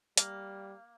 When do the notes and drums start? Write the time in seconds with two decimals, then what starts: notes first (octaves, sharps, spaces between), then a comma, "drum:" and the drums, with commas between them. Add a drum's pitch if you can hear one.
0.17 G3 A#3, drum: hi-hat